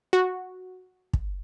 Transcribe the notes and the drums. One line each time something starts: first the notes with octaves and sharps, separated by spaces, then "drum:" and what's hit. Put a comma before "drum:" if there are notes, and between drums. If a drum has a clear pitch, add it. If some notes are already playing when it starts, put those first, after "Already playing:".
F#4
drum: kick